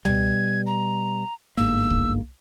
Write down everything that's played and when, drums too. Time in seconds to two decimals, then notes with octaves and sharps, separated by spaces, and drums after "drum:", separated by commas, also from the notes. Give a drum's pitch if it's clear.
0.05 B2 G3 G#6, drum: tom C#2
0.66 A#5
1.57 G1 G#2 A#3 E6
1.90 drum: kick C2